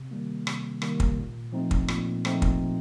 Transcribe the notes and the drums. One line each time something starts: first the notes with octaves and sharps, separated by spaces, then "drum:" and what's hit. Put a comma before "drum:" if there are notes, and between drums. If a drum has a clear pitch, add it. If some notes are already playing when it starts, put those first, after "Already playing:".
Already playing: C3
D#3 G3 A#3
C3, drum: rim click
D#3 G3 A#3, drum: rim click
drum: kick
A#2
F3 A3 C4 D#4
drum: kick
A#2, drum: rim click
F3 A3 C4 D#4, drum: rim click
drum: kick